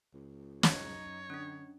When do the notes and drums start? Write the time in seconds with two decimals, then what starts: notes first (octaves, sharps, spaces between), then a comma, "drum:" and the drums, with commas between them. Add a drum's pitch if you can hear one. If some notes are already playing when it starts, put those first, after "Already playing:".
0.14 C#2
0.63 F#2 D#4 C#5, drum: snare
1.30 D3 C#4 D4